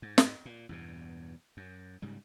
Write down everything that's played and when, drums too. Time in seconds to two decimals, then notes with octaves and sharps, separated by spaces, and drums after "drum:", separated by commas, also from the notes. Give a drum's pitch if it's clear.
0.02 G#2
0.18 drum: snare
0.45 A#2
0.69 E2 G2 B2
1.57 F#2
2.02 G#2 C#3 G3